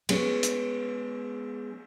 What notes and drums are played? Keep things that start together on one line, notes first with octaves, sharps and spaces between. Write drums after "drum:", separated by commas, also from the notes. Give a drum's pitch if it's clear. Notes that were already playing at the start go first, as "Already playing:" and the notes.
G#3 B3 C#4, drum: cymbal
drum: hi-hat